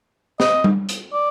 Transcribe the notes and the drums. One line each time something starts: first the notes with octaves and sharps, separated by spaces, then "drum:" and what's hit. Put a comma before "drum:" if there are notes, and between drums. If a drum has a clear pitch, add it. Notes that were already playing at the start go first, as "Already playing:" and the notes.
D#5, drum: snare
drum: tom G3
drum: hi-hat
D5